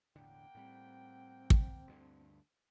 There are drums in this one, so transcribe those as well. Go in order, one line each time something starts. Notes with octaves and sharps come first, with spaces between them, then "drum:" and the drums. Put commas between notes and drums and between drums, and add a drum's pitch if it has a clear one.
E1 A2 D3 A#3 F#5 G5
A2 G3 C4
drum: kick
D2 G2 D3